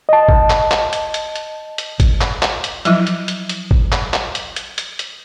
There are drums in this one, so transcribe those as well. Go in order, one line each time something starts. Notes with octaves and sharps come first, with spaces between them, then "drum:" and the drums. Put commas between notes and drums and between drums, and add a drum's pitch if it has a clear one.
D#5 A5
drum: kick G#1
drum: clap
drum: clap
drum: hi-hat
drum: hi-hat
drum: hi-hat
drum: hi-hat
drum: kick G#1, hi-hat
drum: clap
drum: clap
drum: hi-hat
F3 F#3 E4, drum: hi-hat
drum: hi-hat
drum: hi-hat
drum: hi-hat
drum: kick G#1
drum: clap
drum: clap
drum: hi-hat
drum: hi-hat
drum: hi-hat
drum: hi-hat